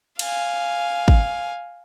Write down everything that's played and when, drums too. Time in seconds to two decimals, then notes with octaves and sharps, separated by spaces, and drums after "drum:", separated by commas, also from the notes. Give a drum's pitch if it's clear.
0.19 F5 G#5, drum: cymbal
1.08 drum: kick